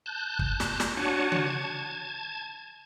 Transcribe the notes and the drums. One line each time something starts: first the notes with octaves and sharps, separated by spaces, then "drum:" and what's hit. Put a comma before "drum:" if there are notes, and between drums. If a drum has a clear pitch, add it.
A5 F#6 G6
drum: kick
drum: snare
drum: snare
D4 F#4 C#5 F#5 G#5 A5
drum: tom C#3
A5 G#6